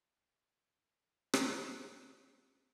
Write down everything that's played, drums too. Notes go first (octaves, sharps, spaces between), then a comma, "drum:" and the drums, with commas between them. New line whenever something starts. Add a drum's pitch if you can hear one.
F#3 G3 A3
C5 C#5 F5 B5 D#6 E6
drum: rim click
D#3 A#3 B4 F#6
D#4 A5